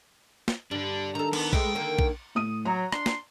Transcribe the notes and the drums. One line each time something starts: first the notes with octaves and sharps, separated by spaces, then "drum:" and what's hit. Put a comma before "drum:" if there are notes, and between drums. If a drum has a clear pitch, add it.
drum: snare
G2 D4 A4
D#3 A4 A#5
B3, drum: cymbal
G#3 A3 B4 G5, drum: kick A#1
D3 D#3 A#3
drum: kick A#1
A2 D#6 D#7
F#3 A#5
D4 C6, drum: rim click
drum: snare